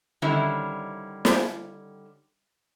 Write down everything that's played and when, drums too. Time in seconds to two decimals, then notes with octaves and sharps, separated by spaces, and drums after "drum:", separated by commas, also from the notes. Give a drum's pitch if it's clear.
0.22 D3 D#3 G3 C#4 E4 C5
1.25 drum: snare